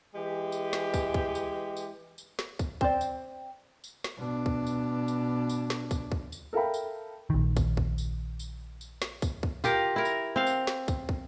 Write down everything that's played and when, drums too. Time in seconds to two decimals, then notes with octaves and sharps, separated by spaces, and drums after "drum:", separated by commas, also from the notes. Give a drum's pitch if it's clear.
0.15 E3 G#3 G4
0.52 drum: tambourine
0.73 drum: snare
0.94 drum: kick, tambourine
1.14 drum: kick
1.35 drum: tambourine
1.77 drum: tambourine
2.18 drum: tambourine
2.39 drum: snare
2.59 drum: kick, tambourine
2.81 C4 C5 D5, drum: kick
3.01 drum: tambourine
3.84 drum: tambourine
4.04 drum: snare
4.18 B2 D4
4.46 drum: kick
4.67 drum: tambourine
5.08 drum: tambourine
5.49 drum: tambourine
5.70 drum: snare
5.91 drum: kick, tambourine
6.12 drum: kick
6.32 drum: tambourine
6.53 A4 A#4 E5 F5 G5 B5
6.74 drum: tambourine
7.30 A#1 D#3
7.57 drum: kick, tambourine
7.77 drum: kick
7.98 drum: tambourine
8.39 drum: tambourine
8.81 drum: tambourine
9.02 drum: snare
9.22 drum: kick, tambourine
9.43 drum: kick
9.64 F4 G4 A#4, drum: tambourine
9.96 E4 A#4
10.05 drum: tambourine
10.36 C4 F5
10.47 drum: tambourine
10.67 drum: snare
10.88 drum: kick, tambourine
11.09 drum: kick